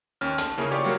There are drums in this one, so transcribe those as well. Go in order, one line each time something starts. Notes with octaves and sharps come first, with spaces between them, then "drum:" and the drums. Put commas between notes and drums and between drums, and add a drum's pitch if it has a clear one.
D#2 C#4 F6
A5, drum: hi-hat
C#3 A#3 C#4 E4 G#4
F4 G4 G#4 C#5 D5 C#6
F#3 G3 A#3 F#4